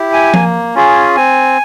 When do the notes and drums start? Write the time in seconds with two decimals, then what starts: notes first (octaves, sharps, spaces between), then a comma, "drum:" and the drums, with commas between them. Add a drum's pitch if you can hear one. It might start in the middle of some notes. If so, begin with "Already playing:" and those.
Already playing: E4 G4
0.13 G#5
0.34 A#3, drum: tom F3
0.75 C#4 F4 G#4
1.16 C4 G#5